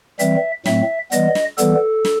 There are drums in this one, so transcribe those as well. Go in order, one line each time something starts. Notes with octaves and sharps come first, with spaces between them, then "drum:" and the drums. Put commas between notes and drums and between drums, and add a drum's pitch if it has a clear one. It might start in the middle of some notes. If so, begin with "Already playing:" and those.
E3 G3 C4 E5, drum: hi-hat
A2 F#3 A3 C4 E5, drum: snare
E3 G3 B3 D#5, drum: hi-hat
drum: snare
E3 G3 B3 A4, drum: hi-hat
drum: snare